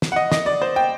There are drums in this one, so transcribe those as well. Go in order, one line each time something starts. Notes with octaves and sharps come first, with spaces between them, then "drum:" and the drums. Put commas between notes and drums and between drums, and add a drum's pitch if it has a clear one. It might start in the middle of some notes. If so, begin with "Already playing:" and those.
drum: snare
F#5
D#5
D#5, drum: snare
D5
C5
G5